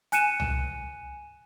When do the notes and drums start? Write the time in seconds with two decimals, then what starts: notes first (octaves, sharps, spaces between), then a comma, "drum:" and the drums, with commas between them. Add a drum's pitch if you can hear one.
0.12 G#5 F#6 C#7 D#7 E7, drum: hi-hat
0.40 drum: tom C2